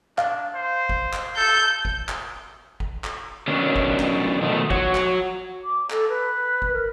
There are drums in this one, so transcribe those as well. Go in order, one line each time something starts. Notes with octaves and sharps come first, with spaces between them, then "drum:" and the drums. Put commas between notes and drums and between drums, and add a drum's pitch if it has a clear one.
D4 F5, drum: clap
C5
drum: kick G1
drum: clap
A4 G6
drum: kick G1
drum: clap
drum: kick G1
drum: clap
D#3 F#3 B3 C#4 D4
drum: kick G1
drum: clap
B2 D#3 F3 A3 B3
F#4 C#5 F#5, drum: kick G1
drum: clap
D6
A4, drum: clap
B4
drum: kick G1
A#4